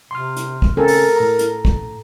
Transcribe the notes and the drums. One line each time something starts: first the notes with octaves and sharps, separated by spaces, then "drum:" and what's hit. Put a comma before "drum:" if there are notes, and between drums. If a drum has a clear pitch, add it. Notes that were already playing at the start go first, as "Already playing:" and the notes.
C3 C6 F6
drum: hi-hat
drum: kick
C#3 C4 A4 A#4 G#5
drum: open hi-hat
A2 A#5
drum: hi-hat
drum: kick